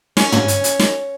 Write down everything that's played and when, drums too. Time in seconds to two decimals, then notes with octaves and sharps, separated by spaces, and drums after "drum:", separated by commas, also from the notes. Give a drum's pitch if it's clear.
0.17 C#4, drum: snare
0.32 drum: tom
0.48 drum: hi-hat
0.64 drum: hi-hat
0.79 drum: snare